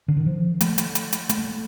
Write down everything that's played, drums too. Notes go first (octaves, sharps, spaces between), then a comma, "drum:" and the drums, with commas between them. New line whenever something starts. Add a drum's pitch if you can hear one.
D3
D#3
F3
A3, drum: hi-hat
drum: hi-hat
drum: hi-hat
drum: hi-hat
A3, drum: hi-hat